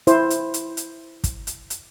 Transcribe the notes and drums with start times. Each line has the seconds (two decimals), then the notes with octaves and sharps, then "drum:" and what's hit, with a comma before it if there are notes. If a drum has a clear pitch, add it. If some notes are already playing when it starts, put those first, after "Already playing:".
0.07 E4 C5, drum: hi-hat
0.30 drum: hi-hat
0.54 drum: hi-hat
0.77 drum: hi-hat
1.24 drum: kick, hi-hat
1.47 drum: hi-hat
1.70 drum: hi-hat